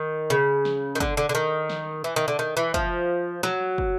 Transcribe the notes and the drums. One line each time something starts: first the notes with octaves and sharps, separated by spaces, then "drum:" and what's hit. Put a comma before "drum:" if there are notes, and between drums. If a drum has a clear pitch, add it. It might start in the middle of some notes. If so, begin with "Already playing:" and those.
Already playing: D#3
C#3
drum: snare
D#3
D3, drum: kick
D3
D3
D#3
drum: snare
E3
D#3
D3
D#3
E3
F3, drum: kick
F#3, drum: snare
drum: kick